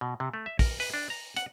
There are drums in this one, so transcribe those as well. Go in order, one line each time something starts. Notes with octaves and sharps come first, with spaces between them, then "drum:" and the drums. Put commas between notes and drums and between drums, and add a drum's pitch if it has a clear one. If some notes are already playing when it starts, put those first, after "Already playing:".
B2
C3
A3
E5
A#4, drum: kick, open hi-hat
B4, drum: open hi-hat
D4
A#5
F#5, drum: hi-hat